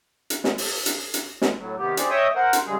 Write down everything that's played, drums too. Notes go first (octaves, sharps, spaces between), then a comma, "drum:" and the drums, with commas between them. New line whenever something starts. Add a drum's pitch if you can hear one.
drum: hi-hat
drum: snare
drum: open hi-hat
drum: hi-hat
drum: hi-hat
drum: snare
A2 F#3
C3 D#3 B3 G4
G4 G#4 C5 D5, drum: hi-hat
C#5 D#5 E5 G5 D#6
A#4 C5 F#5
drum: hi-hat
E2 C#3 G3 G#3 G#4